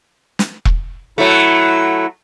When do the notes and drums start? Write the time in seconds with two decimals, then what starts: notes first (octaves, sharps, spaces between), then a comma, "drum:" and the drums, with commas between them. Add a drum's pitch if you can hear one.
0.39 drum: snare
0.65 drum: kick E1
1.18 F#3 A3 E4